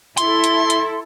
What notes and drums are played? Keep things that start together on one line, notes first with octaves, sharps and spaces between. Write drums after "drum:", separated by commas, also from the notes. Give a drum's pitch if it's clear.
E4 A4 C6, drum: hi-hat
drum: hi-hat
drum: hi-hat